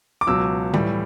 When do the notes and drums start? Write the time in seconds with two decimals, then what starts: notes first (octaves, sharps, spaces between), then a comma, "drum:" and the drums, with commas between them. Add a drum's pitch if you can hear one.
0.21 D6
0.27 C#2 B2 F#3 E6
0.73 A2 E3 G3, drum: tom D3